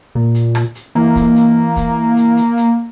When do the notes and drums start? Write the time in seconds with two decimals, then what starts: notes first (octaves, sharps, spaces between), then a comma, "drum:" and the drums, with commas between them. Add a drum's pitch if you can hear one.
0.15 A#2
0.35 drum: hi-hat
0.55 drum: rim click
0.75 drum: hi-hat
0.95 E3 A#3
1.16 drum: kick, hi-hat
1.36 drum: hi-hat
1.76 drum: kick, hi-hat
2.17 drum: hi-hat
2.37 drum: hi-hat
2.57 drum: hi-hat